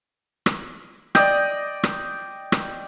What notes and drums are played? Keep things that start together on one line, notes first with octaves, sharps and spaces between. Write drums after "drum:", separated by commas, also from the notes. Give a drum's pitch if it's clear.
drum: rim click
D5 D#5 G5, drum: rim click
drum: rim click
drum: rim click